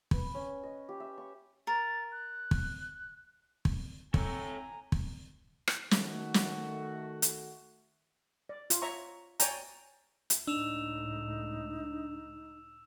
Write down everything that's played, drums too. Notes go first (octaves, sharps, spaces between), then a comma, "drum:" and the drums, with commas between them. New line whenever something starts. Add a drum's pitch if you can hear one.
B4, drum: kick
C#4
D#5
G4
E5
C#6
A#4 A6
F#6
drum: kick
drum: kick
C4 A4 C#5 G#5 A#5, drum: kick
drum: kick
drum: rim click
D#3 A3 F#4, drum: snare
drum: snare
drum: hi-hat
D5
F4, drum: hi-hat
C#5 E5 A#5 C#6
C#5 D5 G5 G#5 A#5, drum: hi-hat
drum: hi-hat
C#2 A2 D4 D#4 E6 E7 F7